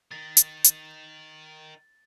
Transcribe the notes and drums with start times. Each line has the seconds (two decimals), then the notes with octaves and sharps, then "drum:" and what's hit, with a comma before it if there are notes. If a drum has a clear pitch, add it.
0.12 D#3 A6
0.37 drum: hi-hat
0.64 drum: hi-hat